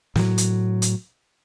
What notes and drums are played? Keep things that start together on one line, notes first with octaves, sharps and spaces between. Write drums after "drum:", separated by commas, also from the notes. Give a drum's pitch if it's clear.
A2 F#3, drum: snare
drum: hi-hat
drum: hi-hat